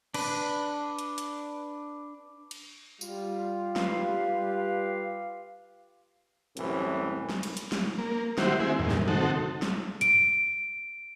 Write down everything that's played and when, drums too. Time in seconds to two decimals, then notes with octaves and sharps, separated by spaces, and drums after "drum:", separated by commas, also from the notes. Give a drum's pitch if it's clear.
0.14 D4 B4, drum: cymbal
0.99 drum: hi-hat
1.18 drum: hi-hat
2.51 drum: cymbal
3.01 G3 F4, drum: tambourine
3.76 G4 B4 F5, drum: snare
6.57 C2 F#2 A2 E3, drum: hi-hat
7.29 drum: snare
7.43 drum: cymbal
7.57 drum: hi-hat
7.72 drum: snare
7.98 A#3
8.38 D#3 E4 F#4 G4 C5, drum: snare
8.60 C4 E4 G#4, drum: tom
8.79 E2 G2 A#2 D#3
8.90 drum: snare
9.08 C4 D#4 F#4 A4, drum: tom
9.62 drum: snare
10.01 D7, drum: hi-hat